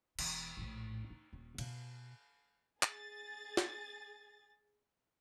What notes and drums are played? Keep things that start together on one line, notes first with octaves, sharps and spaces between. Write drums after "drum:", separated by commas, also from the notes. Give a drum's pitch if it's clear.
E1 E3, drum: cymbal
A#1 A2
D#4
D#1
B2, drum: cymbal
G#4 A6, drum: clap
drum: snare